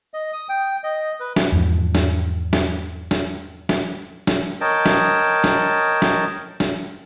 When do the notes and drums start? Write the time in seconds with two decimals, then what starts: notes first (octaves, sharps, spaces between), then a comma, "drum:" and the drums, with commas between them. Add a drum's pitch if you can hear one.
0.14 D#5
0.33 D#6
0.49 G5
0.84 D#5
1.20 B4
1.36 drum: snare
1.52 E2 G#2 F3
1.95 drum: snare
2.53 drum: snare
3.11 drum: snare
3.69 drum: snare
4.27 drum: snare
4.61 A#4 C#5 D#5 G5 A5
4.86 drum: snare
5.44 drum: snare
6.02 drum: snare
6.60 drum: snare